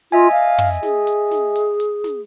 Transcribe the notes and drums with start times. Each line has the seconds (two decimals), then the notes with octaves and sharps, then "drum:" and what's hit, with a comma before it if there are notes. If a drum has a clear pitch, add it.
0.12 F4 D#5 E5 G#5
0.32 F5
0.59 drum: tom
0.83 G#4, drum: snare
1.07 drum: hi-hat
1.31 drum: snare
1.56 drum: hi-hat
1.80 drum: hi-hat
2.04 drum: snare